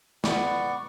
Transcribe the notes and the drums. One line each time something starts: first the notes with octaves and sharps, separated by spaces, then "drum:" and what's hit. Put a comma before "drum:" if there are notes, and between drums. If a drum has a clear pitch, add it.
B3 D5 C#6, drum: snare